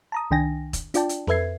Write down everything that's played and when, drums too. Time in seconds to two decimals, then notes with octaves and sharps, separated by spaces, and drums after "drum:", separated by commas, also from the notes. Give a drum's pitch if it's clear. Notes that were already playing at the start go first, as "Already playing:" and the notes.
0.12 A5 A#5 D#6
0.31 C2 D#3 D4 G5 G#5 A#6
0.73 drum: kick E1, hi-hat
0.94 D4 F4 D5 G5 A5, drum: hi-hat
1.09 drum: hi-hat
1.27 F2 A4 B4 E5 G#6 C7, drum: snare C4